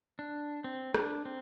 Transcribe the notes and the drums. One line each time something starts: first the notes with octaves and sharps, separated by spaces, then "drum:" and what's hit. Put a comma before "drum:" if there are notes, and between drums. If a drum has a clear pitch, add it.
D4
C4
D4, drum: rim click
C4